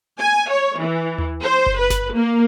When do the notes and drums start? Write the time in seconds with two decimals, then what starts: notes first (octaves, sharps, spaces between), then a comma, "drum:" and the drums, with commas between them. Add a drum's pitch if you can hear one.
0.19 G#5
0.50 C#5
0.79 E3
1.18 drum: tom D#2
1.42 C5
1.66 drum: kick F#1
1.79 B4
1.90 drum: snare G1
2.14 A#3